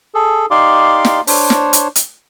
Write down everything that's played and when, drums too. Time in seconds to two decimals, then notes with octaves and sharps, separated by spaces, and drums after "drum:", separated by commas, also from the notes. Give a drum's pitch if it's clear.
0.15 G#4 A4
0.51 D#4 G4 D5 F5 C6 D6
1.05 drum: snare
1.27 D4 C5 C#5, drum: open hi-hat
1.50 drum: snare
1.73 drum: hi-hat
1.96 drum: hi-hat